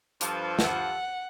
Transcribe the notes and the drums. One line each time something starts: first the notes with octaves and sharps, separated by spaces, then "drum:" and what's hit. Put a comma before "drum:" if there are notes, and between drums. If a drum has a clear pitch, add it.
G2 F3 A4, drum: hi-hat
F#5, drum: snare